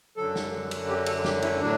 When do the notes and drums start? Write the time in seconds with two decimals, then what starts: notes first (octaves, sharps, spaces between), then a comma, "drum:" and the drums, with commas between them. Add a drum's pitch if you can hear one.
0.17 F#2 D3 F#3 A4
0.35 drum: snare
0.71 drum: cymbal
0.89 G4
1.06 A4, drum: cymbal
1.24 G4, drum: snare
1.42 E4, drum: cymbal
1.61 A2 F#3 D4